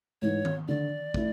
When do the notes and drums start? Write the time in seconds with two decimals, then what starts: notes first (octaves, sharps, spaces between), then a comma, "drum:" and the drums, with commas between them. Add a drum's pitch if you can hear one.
0.22 G#2 E3 C#5
0.45 drum: tom D#3
0.68 D3 D5
1.14 A3 E4, drum: kick